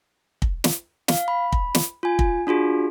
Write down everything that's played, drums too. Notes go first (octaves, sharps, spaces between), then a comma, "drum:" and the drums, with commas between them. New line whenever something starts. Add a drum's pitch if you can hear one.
drum: kick
drum: snare
F5, drum: snare
B5
drum: kick
drum: snare
F4 G#5
drum: kick
D4 F4 F#4 G#4